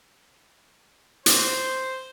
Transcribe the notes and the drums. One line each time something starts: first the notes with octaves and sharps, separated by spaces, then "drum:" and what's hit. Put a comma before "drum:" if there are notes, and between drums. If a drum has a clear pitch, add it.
C5, drum: hi-hat